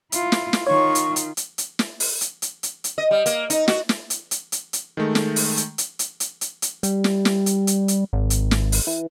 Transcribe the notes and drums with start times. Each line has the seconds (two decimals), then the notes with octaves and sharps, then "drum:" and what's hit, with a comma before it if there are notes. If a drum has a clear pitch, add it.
0.12 E4 F4, drum: hi-hat
0.32 drum: snare
0.53 drum: snare
0.67 D#3 F4 C#5 C#6
0.95 drum: hi-hat
1.16 drum: hi-hat
1.37 drum: hi-hat
1.58 drum: hi-hat
1.79 drum: snare
2.00 drum: open hi-hat
2.21 drum: hi-hat
2.42 drum: hi-hat
2.63 drum: hi-hat
2.84 drum: hi-hat
2.98 D#5
3.11 G3
3.26 A#3, drum: hi-hat
3.50 D#4, drum: hi-hat
3.68 F#4, drum: snare
3.89 drum: snare
4.10 drum: hi-hat
4.31 drum: hi-hat
4.52 drum: hi-hat
4.73 drum: hi-hat
4.97 D#3 G#3 A3
5.15 drum: snare
5.36 drum: open hi-hat
5.57 drum: hi-hat
5.78 drum: hi-hat
5.99 drum: hi-hat
6.20 drum: hi-hat
6.41 drum: hi-hat
6.62 drum: hi-hat
6.83 G3, drum: hi-hat
7.04 drum: snare
7.25 drum: snare
7.46 drum: hi-hat
7.67 drum: hi-hat
7.88 drum: hi-hat
8.13 G#1
8.30 drum: hi-hat
8.51 drum: snare
8.72 drum: open hi-hat
8.87 E3